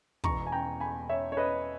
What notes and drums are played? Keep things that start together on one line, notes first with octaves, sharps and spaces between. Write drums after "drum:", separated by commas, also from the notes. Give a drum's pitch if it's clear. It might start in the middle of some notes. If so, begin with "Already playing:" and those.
E1 E2 B2 A#5 C#6, drum: kick
G#5
G5 A#5
G#5 B5
C#5 E5
C#5
B4 D#5